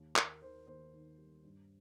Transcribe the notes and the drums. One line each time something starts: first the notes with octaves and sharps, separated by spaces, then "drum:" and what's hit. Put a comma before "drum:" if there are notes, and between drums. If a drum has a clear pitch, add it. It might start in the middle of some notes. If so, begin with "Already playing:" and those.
Already playing: D#2
D#2 A#4, drum: clap
D#3 C5
D#2 C5
D#3
G3
G2